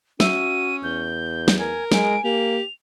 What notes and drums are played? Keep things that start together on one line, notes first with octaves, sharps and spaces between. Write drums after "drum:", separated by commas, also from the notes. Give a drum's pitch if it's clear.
C#4 F#4 E5 D#7, drum: snare
E2 G6
drum: snare
A#4 G#5
G#3 G#5 D7, drum: snare
A#3 G4 F7